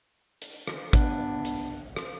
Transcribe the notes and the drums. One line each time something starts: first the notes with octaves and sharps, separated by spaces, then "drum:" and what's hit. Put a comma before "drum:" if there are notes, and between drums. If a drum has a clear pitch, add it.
drum: hi-hat
drum: rim click
B3 D4, drum: kick, hi-hat
drum: hi-hat
drum: rim click